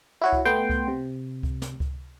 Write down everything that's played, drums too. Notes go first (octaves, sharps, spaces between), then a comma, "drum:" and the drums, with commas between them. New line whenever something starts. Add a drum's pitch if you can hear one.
E4 F#4 C#5
drum: kick C#2
A3 B3 G5 C6
drum: kick C#2
C3
drum: kick C#2
drum: snare
drum: kick C#2